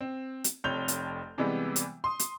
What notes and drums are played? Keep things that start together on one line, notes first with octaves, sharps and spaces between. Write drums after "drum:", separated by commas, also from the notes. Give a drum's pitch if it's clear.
C4
drum: hi-hat
F1 F2 C#5 G6 F7 G7
drum: hi-hat
C3 E3 G3 G#3 B3
drum: hi-hat
C6 D#6
drum: hi-hat